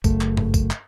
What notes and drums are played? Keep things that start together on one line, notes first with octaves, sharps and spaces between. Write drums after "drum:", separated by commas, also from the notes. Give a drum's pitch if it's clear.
F#1 A3, drum: kick A#1, tambourine
drum: clap
drum: tom G2
drum: kick A#1, tambourine
drum: clap